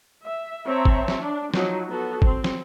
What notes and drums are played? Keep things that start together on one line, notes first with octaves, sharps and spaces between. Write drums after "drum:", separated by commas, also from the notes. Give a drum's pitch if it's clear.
E5
C4 C#5 E5 A5 A#5
drum: kick
drum: snare
D4
F3 F#3 D#4, drum: snare
B3 F#4 A4
C4, drum: kick
drum: snare